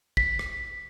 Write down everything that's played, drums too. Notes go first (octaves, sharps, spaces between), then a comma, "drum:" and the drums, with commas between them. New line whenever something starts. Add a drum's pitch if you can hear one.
B6, drum: kick
drum: rim click